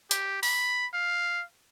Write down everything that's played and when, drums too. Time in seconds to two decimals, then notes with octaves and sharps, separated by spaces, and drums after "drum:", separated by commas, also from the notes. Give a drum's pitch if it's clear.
0.11 G4, drum: hi-hat
0.43 B5, drum: open hi-hat
0.94 F5